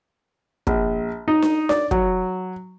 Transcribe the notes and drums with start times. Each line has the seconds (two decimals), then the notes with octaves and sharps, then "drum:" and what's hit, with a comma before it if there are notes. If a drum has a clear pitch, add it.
0.67 A#1, drum: kick
1.28 D#4
1.42 drum: snare D4
1.69 D5, drum: snare D4
1.91 F#3, drum: kick